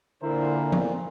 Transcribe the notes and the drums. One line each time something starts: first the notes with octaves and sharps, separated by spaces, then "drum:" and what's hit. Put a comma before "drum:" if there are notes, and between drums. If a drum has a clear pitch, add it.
A#2 D3 E4 A#4 C5
drum: tom F3